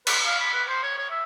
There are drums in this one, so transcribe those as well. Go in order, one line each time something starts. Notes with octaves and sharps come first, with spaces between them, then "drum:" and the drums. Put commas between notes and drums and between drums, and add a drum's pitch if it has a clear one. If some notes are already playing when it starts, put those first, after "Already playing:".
B4, drum: cymbal
F5
B5
B4
C5
C#5
C#5
E5